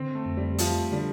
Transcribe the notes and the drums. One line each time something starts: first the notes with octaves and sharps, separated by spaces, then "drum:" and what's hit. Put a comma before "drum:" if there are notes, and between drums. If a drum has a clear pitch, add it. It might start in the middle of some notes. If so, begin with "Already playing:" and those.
Already playing: D3 C4
A3
F2
G3
F3 A3, drum: hi-hat
D3 G3